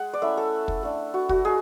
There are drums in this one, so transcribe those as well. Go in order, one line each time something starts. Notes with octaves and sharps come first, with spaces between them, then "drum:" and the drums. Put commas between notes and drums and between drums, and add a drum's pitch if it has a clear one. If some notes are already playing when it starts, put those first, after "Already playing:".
Already playing: G#3 F#5
D5
A3 C#4 E4 E5
A4
drum: kick
A3 D4
F#4
F#4, drum: kick
G#3 G#4